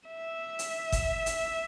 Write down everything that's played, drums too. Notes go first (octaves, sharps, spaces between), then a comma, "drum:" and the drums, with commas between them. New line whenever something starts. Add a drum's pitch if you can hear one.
E5
drum: hi-hat
drum: kick G1, hi-hat
drum: hi-hat